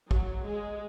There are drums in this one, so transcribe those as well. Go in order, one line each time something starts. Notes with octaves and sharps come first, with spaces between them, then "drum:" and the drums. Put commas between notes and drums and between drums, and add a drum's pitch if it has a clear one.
F#3, drum: kick
G#3